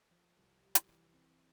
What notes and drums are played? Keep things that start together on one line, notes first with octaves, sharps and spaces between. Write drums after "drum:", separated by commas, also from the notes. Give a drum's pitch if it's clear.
F3
C2
G3
drum: hi-hat
E3
C4